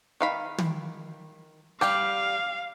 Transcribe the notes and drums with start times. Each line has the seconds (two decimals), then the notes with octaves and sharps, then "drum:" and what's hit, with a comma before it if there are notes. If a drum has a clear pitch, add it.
0.21 D#3 F5 B5
0.58 drum: tom
1.81 G3 G4 F5, drum: rim click